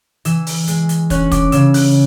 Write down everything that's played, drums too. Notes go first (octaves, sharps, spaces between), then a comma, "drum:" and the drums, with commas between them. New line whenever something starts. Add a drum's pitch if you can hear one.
E3 E6, drum: hi-hat
drum: open hi-hat
G#3, drum: hi-hat
drum: hi-hat
C#4 F#6, drum: kick, hi-hat
D6, drum: kick, hi-hat
C#3 E6, drum: hi-hat
F#6, drum: open hi-hat